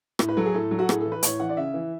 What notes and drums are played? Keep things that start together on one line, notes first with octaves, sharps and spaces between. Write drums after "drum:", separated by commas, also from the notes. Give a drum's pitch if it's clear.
A2, drum: rim click
B4
F#3 A4
G#4
A2 A4
F#3
F#4
A2 G#4, drum: rim click
A4
E3
B4
A2 C#5, drum: hi-hat
E3 F#5
D5
C#3 E5
E3